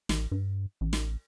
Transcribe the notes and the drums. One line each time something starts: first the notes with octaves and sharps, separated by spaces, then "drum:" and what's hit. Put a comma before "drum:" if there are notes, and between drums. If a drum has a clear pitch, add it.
A1, drum: snare
G2
A1
drum: snare